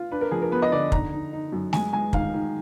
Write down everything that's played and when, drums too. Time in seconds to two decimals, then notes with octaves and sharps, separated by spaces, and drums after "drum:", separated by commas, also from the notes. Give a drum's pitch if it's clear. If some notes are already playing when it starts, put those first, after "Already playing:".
Already playing: F4
0.11 D4 B4
0.21 A#4
0.31 F3 G#4
0.42 A#4
0.51 B3 B4
0.62 D#5
0.72 D3 D5
0.92 D#4 A#5, drum: kick
1.12 D#4
1.33 D#4
1.52 F#2
1.73 G#3 G#5, drum: snare A3
1.93 G#3 G#5
2.13 D#3 F5, drum: kick
2.34 D#3